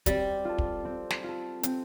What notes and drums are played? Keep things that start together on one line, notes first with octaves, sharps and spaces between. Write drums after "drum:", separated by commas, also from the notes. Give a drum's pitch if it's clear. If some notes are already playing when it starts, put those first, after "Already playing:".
G3 C4, drum: kick, hi-hat
F4 A4
drum: kick
C4
drum: snare
F4 A4
C4, drum: hi-hat